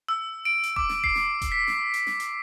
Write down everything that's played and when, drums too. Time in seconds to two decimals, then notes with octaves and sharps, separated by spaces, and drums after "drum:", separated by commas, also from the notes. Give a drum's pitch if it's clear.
0.09 E6
0.45 D7
0.63 drum: hi-hat
0.76 D6, drum: kick E1
0.89 drum: snare
1.04 C7, drum: kick E1
1.15 drum: snare
1.42 drum: kick E1, hi-hat
1.52 B6
1.68 drum: snare
1.94 drum: hi-hat
2.07 drum: snare
2.20 drum: hi-hat